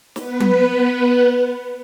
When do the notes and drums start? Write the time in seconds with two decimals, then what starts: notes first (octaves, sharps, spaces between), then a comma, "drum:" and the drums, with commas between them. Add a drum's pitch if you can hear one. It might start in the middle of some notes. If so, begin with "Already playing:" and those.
0.16 B3 B4, drum: snare
0.40 drum: tom F#3